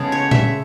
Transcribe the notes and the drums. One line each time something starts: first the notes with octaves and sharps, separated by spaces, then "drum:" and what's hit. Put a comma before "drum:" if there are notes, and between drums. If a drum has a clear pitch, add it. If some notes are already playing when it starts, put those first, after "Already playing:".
Already playing: C#3 G#3 B3 A4
C#5
E5, drum: tom A#2